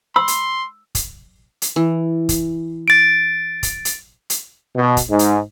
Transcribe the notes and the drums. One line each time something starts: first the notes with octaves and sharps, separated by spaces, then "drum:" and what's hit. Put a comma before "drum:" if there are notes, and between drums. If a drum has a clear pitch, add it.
B5 C6 E6
drum: hi-hat
drum: kick, hi-hat
drum: hi-hat
E3
drum: kick, hi-hat
A6 D7
drum: kick, hi-hat
drum: hi-hat
drum: hi-hat
B2
drum: kick, hi-hat
G#2
drum: hi-hat